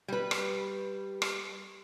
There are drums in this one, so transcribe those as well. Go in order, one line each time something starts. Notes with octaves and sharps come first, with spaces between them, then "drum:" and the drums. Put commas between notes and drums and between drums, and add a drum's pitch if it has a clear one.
G3 B4
drum: rim click
drum: rim click